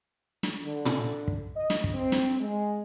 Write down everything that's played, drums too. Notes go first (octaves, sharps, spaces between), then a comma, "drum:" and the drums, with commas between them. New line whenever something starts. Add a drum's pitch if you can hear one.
drum: snare
D3
drum: tom
drum: kick
D#5
drum: snare
drum: kick
C4
drum: snare
G#3